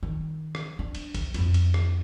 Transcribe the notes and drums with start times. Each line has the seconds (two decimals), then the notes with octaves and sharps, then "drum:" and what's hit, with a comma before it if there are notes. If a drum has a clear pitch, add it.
0.03 D#3
0.55 drum: rim click
0.79 D4
0.95 drum: cymbal
1.15 drum: kick, cymbal
1.34 F2 E4, drum: cymbal
1.54 drum: cymbal
1.74 drum: rim click